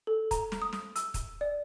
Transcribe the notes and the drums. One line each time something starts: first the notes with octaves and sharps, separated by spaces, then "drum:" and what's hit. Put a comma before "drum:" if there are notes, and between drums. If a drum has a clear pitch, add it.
A4
A#5, drum: kick, hi-hat
drum: snare
D#6
drum: snare
E6, drum: hi-hat
drum: kick, hi-hat
D5